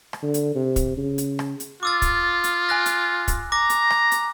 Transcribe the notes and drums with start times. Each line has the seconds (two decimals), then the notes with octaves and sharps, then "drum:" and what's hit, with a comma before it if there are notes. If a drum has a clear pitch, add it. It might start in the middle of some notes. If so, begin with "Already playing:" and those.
0.13 drum: rim click
0.23 D3
0.34 drum: hi-hat
0.55 C3
0.76 drum: kick, hi-hat
0.97 C#3
1.18 drum: hi-hat
1.39 drum: rim click
1.60 drum: hi-hat
1.83 F4 D6 E6 A6
2.02 drum: kick, hi-hat
2.44 drum: hi-hat
2.69 G#5 F#6 A#6
2.86 drum: hi-hat
3.28 drum: kick, hi-hat
3.52 A#5 D6 A#6
3.70 drum: hi-hat
3.91 drum: rim click
4.11 drum: hi-hat